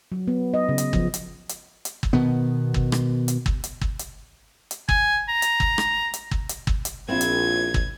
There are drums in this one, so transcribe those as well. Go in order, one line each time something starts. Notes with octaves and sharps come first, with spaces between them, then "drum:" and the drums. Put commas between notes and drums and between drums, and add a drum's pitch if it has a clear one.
F#3
B3
D#5
C#3
drum: hi-hat
F3, drum: kick G1
drum: hi-hat
drum: hi-hat
drum: hi-hat
drum: kick G1
B2 D#3 B3
drum: kick G1
drum: rim click
drum: hi-hat
drum: kick G1
drum: hi-hat
drum: kick G1
drum: hi-hat
drum: hi-hat
G#5, drum: kick G1
A#5
drum: hi-hat
drum: kick G1
drum: rim click
drum: hi-hat
drum: kick G1
drum: hi-hat
drum: kick G1
drum: hi-hat
A#1 C4 E4 F4 G#6
drum: hi-hat
drum: kick G1